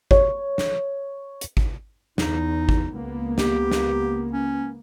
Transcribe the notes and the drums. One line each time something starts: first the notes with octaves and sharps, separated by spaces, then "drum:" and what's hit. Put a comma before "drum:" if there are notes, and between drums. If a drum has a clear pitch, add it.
C#5, drum: kick G#1
drum: snare
drum: hi-hat
drum: kick G#1
E2 D#4, drum: snare
drum: kick G#1
C#2 A#3 B3
G4, drum: snare
drum: snare
C#4